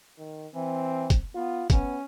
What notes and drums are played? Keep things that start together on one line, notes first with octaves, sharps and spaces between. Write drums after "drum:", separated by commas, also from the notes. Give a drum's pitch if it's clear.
D#3
E3 C4
drum: kick, hi-hat
B3 F4
B3 C#4, drum: kick, hi-hat